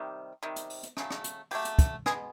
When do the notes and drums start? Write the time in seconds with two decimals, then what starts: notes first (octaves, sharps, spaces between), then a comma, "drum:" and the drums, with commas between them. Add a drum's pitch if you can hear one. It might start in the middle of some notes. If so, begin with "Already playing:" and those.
Already playing: C3 D#3 G3
0.43 C3 D#3 G3
0.56 drum: hi-hat
0.70 drum: open hi-hat
0.83 drum: hi-hat
0.97 C#3 F#3 A3, drum: rim click
1.11 drum: rim click
1.24 drum: hi-hat
1.51 C#3 F#3 A3 G4, drum: open hi-hat
1.65 drum: hi-hat
1.79 drum: kick, hi-hat
2.06 B2 G#3 B3 G#4, drum: rim click